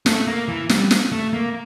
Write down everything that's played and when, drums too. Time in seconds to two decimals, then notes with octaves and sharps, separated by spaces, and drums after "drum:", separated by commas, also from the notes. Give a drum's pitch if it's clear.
0.06 A3, drum: snare
0.27 A#3
0.48 E3
0.69 G3, drum: snare
0.91 drum: snare
1.12 A3
1.33 A#3